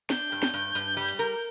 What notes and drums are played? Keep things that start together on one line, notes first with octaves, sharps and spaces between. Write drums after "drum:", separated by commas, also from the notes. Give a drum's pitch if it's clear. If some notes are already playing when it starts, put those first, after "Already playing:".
D4 G6, drum: snare
G2
drum: snare
G2
G2
G3
drum: cymbal
A#4